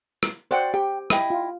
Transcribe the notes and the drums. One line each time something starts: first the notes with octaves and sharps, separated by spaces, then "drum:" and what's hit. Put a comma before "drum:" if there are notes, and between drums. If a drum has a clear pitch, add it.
drum: rim click
F#4 C5 D5 F#5 G5
G4 G5
E4 D#5 G5, drum: rim click
F4